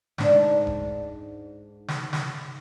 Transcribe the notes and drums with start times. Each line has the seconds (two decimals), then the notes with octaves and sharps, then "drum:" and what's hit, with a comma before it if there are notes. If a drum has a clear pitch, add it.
0.18 G#2 D4, drum: snare
0.67 drum: kick F1
1.88 drum: snare
2.13 drum: snare